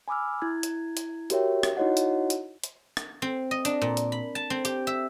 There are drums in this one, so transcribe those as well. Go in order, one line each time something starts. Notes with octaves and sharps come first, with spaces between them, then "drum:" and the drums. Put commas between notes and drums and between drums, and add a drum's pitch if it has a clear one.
G#5 B5 D6 E6 F6
E4 G#6
drum: hi-hat
drum: hi-hat
F#4 G4 A#4 C#5 E5 G5, drum: hi-hat
drum: rim click
D#4 E4 F#4 C#5 D#5 F#5
drum: hi-hat
drum: hi-hat
drum: hi-hat
drum: rim click
C4
D#5
D4, drum: hi-hat
A#2
drum: hi-hat
B5
A5
C4
G4, drum: hi-hat
E5